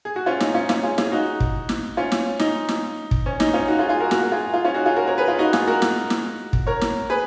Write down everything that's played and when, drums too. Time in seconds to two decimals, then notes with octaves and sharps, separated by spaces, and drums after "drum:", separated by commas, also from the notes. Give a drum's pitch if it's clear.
0.05 G#4
0.16 F#4
0.26 C#4 F4
0.40 D#4, drum: snare
0.54 C#4 F4
0.69 C#4 F4, drum: snare
0.83 F4 G#4
0.98 F4 G#4, drum: snare
1.12 D#4 F#4
1.40 drum: kick
1.69 drum: snare
1.97 C#4 F4
2.12 drum: snare
2.39 D#4, drum: snare
2.69 drum: snare
3.11 drum: kick
3.26 C#4
3.40 D#4, drum: snare
3.54 C#4 F4
3.68 D#4 F#4
3.79 F4 G#4
3.89 F4 G#4
4.00 F#4 A#4
4.11 F#4 A#4, drum: snare
4.32 F4 G#4
4.54 F4 G#4
4.64 C#4 F4
4.74 D#4 F#4
4.85 F4 G#4
4.96 F#4 A#4
5.07 A#4 C#5
5.18 G#4 B4
5.28 F4 G#4
5.39 D#4 F#4
5.53 F4 G#4, drum: snare
5.68 F#4 A#4
5.82 drum: snare
6.10 drum: snare
6.53 drum: kick
6.67 A#4 C#5
6.81 drum: snare
7.10 G#4 B4